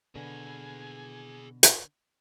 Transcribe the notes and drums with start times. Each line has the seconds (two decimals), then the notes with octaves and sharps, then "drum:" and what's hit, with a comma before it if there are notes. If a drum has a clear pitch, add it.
0.16 B2 D3 G#4 B4 G#5
1.63 drum: hi-hat